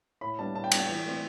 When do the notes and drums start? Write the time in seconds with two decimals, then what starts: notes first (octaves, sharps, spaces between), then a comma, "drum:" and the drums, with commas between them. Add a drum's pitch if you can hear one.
0.21 A2 B5
0.39 G3 B3 D4 A5
0.55 A2 A5
0.64 G5
0.72 G3 B3 D4, drum: cymbal
0.80 G5
0.88 E3
1.06 A3 C4